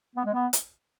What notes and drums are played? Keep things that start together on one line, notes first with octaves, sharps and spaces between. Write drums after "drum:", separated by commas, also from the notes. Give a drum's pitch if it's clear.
B3
G#3
B3
drum: hi-hat